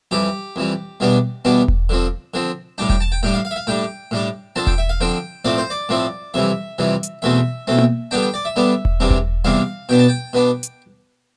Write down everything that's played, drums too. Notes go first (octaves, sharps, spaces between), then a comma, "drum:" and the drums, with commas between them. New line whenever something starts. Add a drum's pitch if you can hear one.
F2 E3 G3 G4
F2 E3 G3
E2 B2 G3 B3 D4
E2 B2 G3 B3 D4
drum: kick E1
D3 F3 C4
D3 F3 C4
A2 G3 D4 G5
G5, drum: kick E1
A5
G5
A2 G3 D4 G5
F5
F5
E5
F5
A2 G3 D4 G5
A2 G3 D4
D3 F3 C4 A5
G5, drum: kick E1
E5
F5
D3 F3 C4 G5
A2 F3 A3 C4 D5
C5
D5
A2 F3 A3 C4
F2 C3 E3 G3 E5
F2 C3 E3 G3
drum: hi-hat
E2 B2 A3 C4 E5
E2 B2 A3 C4
drum: tom A#3
D3 G3 B3 D4 G5
G5
D5
E5
D3 G3 B3 D4
drum: kick E1
E2 C3 G3 D4
drum: kick E1
E2 C3 G3 D4 F5
B2 B3 D4 G5
A5
G5
B2 B3 D4
drum: hi-hat